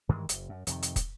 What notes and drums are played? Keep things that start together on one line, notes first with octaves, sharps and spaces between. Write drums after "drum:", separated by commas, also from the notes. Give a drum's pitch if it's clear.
G2 D#3 E3 G#3
F#1, drum: hi-hat
F#2
F2 C3 D#3, drum: hi-hat
drum: hi-hat
drum: kick, hi-hat